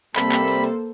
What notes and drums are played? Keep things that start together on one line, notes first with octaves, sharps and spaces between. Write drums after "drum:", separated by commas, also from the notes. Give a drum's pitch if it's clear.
C3 G3 A#3 C4 A4 C5 B5, drum: clap
drum: clap
drum: open hi-hat
drum: hi-hat